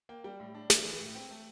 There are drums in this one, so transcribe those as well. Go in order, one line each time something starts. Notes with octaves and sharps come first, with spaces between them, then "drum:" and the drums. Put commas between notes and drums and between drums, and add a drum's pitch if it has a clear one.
A#3 G5
G3 G5
A2
D4
A3, drum: snare
E3
A2
C4 G5
A3